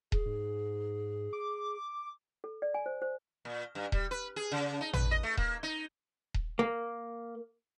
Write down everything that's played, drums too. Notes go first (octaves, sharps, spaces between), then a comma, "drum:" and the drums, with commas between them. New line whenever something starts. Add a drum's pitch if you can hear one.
G#4, drum: kick D#1
G#2
D6
A4
D5
G#5
C5
C5
A#2
G2
G3, drum: kick D#1
B4
G#4
C#3
D#4
B4, drum: tom
D#5
A3
A#3, drum: kick D#1
D#4
drum: kick D#1
A#3